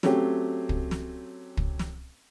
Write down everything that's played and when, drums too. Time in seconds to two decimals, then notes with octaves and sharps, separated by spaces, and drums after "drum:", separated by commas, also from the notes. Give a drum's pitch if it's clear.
0.03 F#3 A3 C4 C#4 G4, drum: snare
0.69 drum: kick
0.91 drum: snare
1.57 drum: kick
1.79 drum: snare